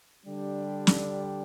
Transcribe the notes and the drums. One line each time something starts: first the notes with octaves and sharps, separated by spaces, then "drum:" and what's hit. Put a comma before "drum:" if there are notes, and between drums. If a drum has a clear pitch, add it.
D3 G3 D4 G4
drum: snare